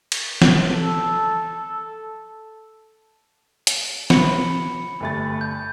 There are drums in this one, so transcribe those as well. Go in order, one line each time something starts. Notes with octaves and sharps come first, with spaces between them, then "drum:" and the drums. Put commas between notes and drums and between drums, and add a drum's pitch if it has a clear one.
drum: cymbal
drum: snare
A4
drum: hi-hat
B5 C#7, drum: snare
G1 A3 A6
G6